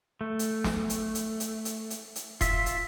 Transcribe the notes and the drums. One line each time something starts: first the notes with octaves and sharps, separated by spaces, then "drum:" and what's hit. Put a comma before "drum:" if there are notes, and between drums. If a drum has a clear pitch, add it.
A3
drum: hi-hat
drum: snare
drum: hi-hat
drum: hi-hat
drum: hi-hat
drum: hi-hat
drum: hi-hat
drum: hi-hat
F4 E5, drum: kick E1, hi-hat
drum: hi-hat